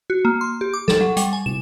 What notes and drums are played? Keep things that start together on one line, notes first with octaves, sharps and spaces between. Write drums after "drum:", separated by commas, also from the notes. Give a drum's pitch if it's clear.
F#4
A#3
C6
G4
D6
A4, drum: snare
F#3
G3, drum: hi-hat
G#5
E7, drum: tom